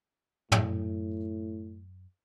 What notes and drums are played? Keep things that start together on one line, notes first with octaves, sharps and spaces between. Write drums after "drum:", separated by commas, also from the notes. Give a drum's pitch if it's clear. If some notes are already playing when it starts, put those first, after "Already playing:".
F#2 A2, drum: tom